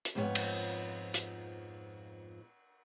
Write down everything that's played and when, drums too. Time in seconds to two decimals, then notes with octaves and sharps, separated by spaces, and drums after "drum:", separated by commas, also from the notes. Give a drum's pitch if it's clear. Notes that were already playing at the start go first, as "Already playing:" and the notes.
0.05 drum: hi-hat
0.15 F2 G#2 F3 B3 C#5
0.35 drum: cymbal
1.14 drum: hi-hat